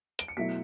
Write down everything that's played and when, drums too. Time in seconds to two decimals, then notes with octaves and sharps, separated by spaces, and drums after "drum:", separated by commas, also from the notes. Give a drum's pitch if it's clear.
0.19 D7, drum: hi-hat
0.28 C#7
0.37 B2 F#3 A3 E4 B6